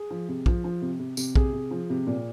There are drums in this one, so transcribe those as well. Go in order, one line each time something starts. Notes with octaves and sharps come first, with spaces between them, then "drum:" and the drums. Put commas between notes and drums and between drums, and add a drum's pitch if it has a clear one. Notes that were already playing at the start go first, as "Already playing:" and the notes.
Already playing: G#4
F3
C3
F3, drum: kick A#1
F3
C3
C3
C3, drum: tambourine
C3 G#4, drum: kick A#1
C3
F3
C3
A#2